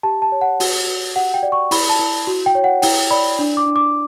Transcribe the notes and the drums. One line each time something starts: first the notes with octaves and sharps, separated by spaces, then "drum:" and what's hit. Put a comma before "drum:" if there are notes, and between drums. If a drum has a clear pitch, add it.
G4 A5
A5
C#5
F#5
F#4, drum: open hi-hat
F#4
G4 F#5
G5
D5
C#6
E4 B5, drum: open hi-hat
A5
E4
F#4
G5
C#5
F#5
E4 G5, drum: open hi-hat
D5 B5
D4
D6
D4
D6